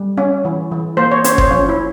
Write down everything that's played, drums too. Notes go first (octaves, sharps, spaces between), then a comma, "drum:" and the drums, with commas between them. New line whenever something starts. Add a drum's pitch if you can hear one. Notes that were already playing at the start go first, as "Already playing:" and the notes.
Already playing: G3
C#4
E3
E3
A#3 C5
C#5
C#4 C5, drum: hi-hat
C#5
C5, drum: kick F#1
F3 C#4
E4